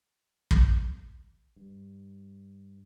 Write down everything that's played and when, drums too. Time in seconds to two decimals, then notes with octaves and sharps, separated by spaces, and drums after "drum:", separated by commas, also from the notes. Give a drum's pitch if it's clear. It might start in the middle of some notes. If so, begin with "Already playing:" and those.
0.51 drum: kick
1.56 G2